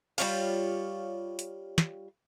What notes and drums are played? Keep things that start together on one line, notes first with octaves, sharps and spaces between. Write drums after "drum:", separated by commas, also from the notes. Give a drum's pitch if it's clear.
G3 F4 C#5 F5, drum: cymbal
drum: hi-hat
drum: snare